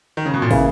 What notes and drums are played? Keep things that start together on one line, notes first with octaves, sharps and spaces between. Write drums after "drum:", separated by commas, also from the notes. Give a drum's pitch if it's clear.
D#3
C#3
B2
A#2
C#3 E3 A#3 E4, drum: kick, open hi-hat